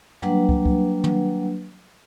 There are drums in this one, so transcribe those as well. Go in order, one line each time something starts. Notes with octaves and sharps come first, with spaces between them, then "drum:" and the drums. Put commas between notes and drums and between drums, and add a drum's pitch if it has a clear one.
F#3 G3 A#3 D4 B4 F#5, drum: tom
drum: kick
drum: kick
drum: tom